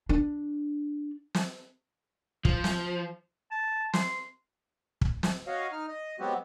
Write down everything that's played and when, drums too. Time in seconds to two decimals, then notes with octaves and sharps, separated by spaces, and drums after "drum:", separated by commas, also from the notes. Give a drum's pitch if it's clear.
0.09 D4
1.35 drum: snare
2.45 F3, drum: kick
2.64 drum: snare
3.51 A5
3.94 C6, drum: snare
5.01 drum: kick
5.23 drum: snare
5.47 F#4 C#5 D#5 F5
5.72 D#4 F6
5.88 D#5
6.20 F#3 G#3 B3 C4 F#4 G4